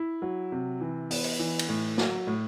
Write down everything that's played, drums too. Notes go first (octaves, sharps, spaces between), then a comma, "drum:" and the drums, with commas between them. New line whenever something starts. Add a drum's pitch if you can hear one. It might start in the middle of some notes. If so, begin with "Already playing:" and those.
Already playing: E4
F#3
C3
E3
B3, drum: open hi-hat
drum: cymbal
E3
drum: cymbal
A2
F#3, drum: snare
A2